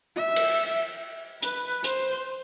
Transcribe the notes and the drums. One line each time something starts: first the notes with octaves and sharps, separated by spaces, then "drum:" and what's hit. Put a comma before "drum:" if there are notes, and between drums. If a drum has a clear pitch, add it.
E5
drum: cymbal
B4, drum: hi-hat
C5, drum: hi-hat